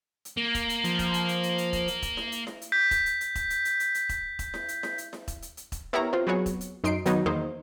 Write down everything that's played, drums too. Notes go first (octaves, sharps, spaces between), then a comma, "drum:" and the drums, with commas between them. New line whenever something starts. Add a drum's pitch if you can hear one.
drum: hi-hat
A#3
drum: kick E1, hi-hat
drum: hi-hat
F3, drum: hi-hat
drum: kick E1, hi-hat
drum: hi-hat
drum: hi-hat
drum: hi-hat
drum: hi-hat
drum: kick E1, hi-hat
drum: hi-hat
drum: kick E1, hi-hat
drum: snare E4
drum: hi-hat
drum: snare E4
drum: hi-hat
G6 B6
drum: kick E1, hi-hat
drum: hi-hat
drum: hi-hat
drum: kick E1, hi-hat
drum: hi-hat
drum: hi-hat
drum: hi-hat
drum: hi-hat
drum: kick E1, hi-hat
drum: kick E1, hi-hat
drum: snare E4
drum: hi-hat
drum: snare E4
drum: hi-hat
drum: snare E4
drum: kick E1, hi-hat
drum: hi-hat
drum: hi-hat
drum: kick E1, hi-hat
B3 E4 G4 A#4 C#5 A#5
C4 F4
F#3 B3 F#4 G#4 C#5
drum: kick E1, hi-hat
drum: hi-hat
F#2 D#4 C6 C7 D7
D#3 F#3 B3 D#4, drum: hi-hat
E2 D#3 A#3 D#4 C5